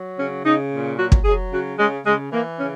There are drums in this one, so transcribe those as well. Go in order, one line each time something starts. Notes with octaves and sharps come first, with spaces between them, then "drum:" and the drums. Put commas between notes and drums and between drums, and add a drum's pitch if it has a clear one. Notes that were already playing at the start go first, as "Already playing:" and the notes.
Already playing: F#3
C#3 C#4
C#3 D#4
A#2
F#3 F#4
drum: kick
F#3 G#4
C#3 F#4
C#3 G#3
C#3 G#3
E3 A#3
C#3 C#4